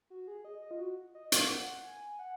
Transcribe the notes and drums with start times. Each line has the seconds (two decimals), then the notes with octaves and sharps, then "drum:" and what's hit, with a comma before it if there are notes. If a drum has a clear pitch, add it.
0.10 F#4
0.28 G#4
0.45 D#5
0.62 D#5
0.71 F4
0.79 F#4
1.15 D#5
1.32 F5, drum: hi-hat
1.50 F#5
1.84 G#5
2.19 F#5